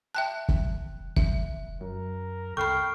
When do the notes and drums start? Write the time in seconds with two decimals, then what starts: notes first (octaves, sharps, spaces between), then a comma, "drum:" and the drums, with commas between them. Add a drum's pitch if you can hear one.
0.15 E5 G5 A5 F#6
0.49 drum: kick
1.17 E5, drum: kick
1.81 F#2 A#4
2.57 C2 A4 G5 B5 C#6 F6 C7